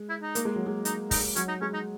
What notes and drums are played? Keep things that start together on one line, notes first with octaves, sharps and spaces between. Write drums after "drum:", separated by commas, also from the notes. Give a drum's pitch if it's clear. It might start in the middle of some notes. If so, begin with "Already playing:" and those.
Already playing: G#3
E4
D#4
A#3, drum: hi-hat
G#3
F#3
G#3
D#4, drum: hi-hat
D#4, drum: kick, open hi-hat
F#3 C#4, drum: hi-hat
D#4
G#3 C#4
D#4